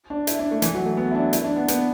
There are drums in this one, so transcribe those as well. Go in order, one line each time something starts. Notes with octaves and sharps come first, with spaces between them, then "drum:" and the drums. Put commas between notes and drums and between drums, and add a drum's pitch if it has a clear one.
D4
E4, drum: hi-hat
D4
A3
E3, drum: hi-hat
F#3
A3
B3
E4
D4
E4, drum: hi-hat
D4
B3
B3, drum: hi-hat